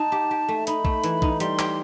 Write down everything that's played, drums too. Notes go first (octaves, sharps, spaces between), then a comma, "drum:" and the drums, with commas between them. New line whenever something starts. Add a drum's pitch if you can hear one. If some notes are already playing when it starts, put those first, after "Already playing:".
Already playing: D#4 A5
G4
G4
A3
D#4 B5, drum: hi-hat
A3, drum: kick
E3, drum: hi-hat
D#4, drum: kick
G3 C6, drum: hi-hat
G4, drum: clap